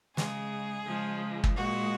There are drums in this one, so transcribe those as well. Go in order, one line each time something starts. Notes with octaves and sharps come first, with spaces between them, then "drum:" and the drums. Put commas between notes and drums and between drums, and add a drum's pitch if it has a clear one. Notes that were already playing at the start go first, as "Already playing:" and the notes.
C#3 G#3 G#4, drum: snare
C#3 F3 G#3
drum: kick
A#2 G#3 F#4